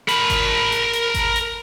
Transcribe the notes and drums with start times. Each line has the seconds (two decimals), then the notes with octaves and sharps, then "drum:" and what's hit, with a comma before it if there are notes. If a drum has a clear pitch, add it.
0.09 A#4 B5, drum: hi-hat
0.30 drum: kick G#1, hi-hat
0.72 drum: hi-hat
0.93 drum: hi-hat
1.14 drum: kick G#1, hi-hat
1.36 drum: hi-hat